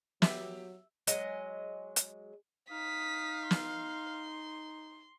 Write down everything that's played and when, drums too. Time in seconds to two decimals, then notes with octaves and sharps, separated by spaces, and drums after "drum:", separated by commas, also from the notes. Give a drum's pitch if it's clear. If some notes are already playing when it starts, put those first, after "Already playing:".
0.22 F#3 G4 E5, drum: snare
1.07 F#3 G#3 D#5 G#5, drum: hi-hat
1.96 drum: hi-hat
2.71 D#4 F5 D#6 B6
3.51 C6, drum: snare